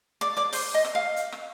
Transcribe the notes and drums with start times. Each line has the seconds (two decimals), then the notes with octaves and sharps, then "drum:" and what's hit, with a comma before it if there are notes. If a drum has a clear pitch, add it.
0.21 D5 D6
0.37 D5 D6
0.53 C5 C6, drum: open hi-hat
0.74 D#5
0.85 drum: rim click
0.95 F5
1.16 drum: hi-hat
1.32 drum: rim click